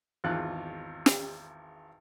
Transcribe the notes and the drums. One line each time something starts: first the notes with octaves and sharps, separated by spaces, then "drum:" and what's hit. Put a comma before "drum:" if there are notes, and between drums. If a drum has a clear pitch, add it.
G#1 E2 F4 F#6
drum: snare